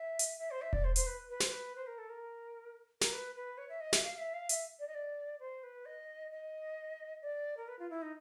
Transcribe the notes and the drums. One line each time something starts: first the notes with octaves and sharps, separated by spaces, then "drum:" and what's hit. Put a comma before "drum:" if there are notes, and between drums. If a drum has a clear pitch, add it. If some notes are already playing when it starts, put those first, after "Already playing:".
Already playing: E5
drum: hi-hat
E5
C5
E5
D5, drum: kick E1
C5
C5, drum: hi-hat
B4
B4
C5, drum: snare
B4
C5
A#4
A4
A#4
A#4, drum: snare
B4
B4
C#5
E5
D#5
E5, drum: snare
F5
E5
F5
E5, drum: hi-hat
D5
D#5
D5
C5
B4
D#5
D#5
D5
A#4
B4
F4
E4
D#4